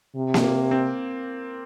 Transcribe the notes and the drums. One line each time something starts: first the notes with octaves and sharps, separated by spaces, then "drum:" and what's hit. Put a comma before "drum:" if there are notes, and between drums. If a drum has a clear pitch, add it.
C3
drum: snare A#3
A#3
C4